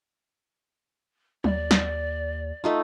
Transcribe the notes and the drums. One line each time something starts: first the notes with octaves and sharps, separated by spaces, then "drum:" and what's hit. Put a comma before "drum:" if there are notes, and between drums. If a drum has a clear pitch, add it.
D#2 D5, drum: tom F#3
drum: snare
A3 D#4 F4